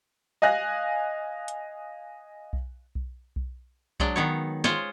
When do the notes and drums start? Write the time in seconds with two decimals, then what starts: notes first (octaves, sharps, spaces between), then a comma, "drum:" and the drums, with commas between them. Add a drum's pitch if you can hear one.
0.42 D#5 F5 G#5 F#6 A#6
1.48 drum: hi-hat
2.53 drum: kick B1
2.95 drum: kick B1
3.36 drum: kick B1
4.00 F#3 G#3 D4, drum: kick B1
4.16 D#3 B3 C#5
4.64 G#3 F4 C5 C#5, drum: snare